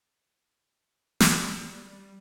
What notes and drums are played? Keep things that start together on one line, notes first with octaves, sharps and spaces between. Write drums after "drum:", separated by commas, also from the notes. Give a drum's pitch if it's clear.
G3, drum: snare